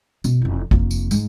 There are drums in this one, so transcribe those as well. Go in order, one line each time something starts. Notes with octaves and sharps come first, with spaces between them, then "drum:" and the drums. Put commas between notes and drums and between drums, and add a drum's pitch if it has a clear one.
B2, drum: tambourine
F1 E4
F1 A#3, drum: kick G#1
drum: tambourine
G#2 G#3, drum: tambourine